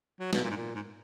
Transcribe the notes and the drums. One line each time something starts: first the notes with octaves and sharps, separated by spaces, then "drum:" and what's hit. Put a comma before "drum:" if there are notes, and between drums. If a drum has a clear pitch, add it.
F#3
B2, drum: snare
A#2
G#2
A#2
G#2